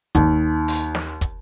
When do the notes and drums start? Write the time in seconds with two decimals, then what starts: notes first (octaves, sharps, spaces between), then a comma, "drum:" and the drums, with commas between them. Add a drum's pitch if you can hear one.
0.15 D#2, drum: kick, hi-hat
0.68 drum: open hi-hat
0.95 drum: snare
1.21 drum: kick, hi-hat